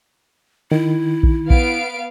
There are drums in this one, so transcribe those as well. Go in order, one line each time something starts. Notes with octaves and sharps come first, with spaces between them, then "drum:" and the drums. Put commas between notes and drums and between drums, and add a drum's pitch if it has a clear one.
D#3 E4
drum: kick A#1
B3 F5 D7, drum: kick A#1